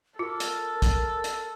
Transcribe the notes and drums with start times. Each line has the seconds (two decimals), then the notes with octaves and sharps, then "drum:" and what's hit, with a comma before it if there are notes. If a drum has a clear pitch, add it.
0.19 F4 A4 A#4
0.40 drum: hi-hat
0.82 drum: kick, hi-hat
1.24 drum: hi-hat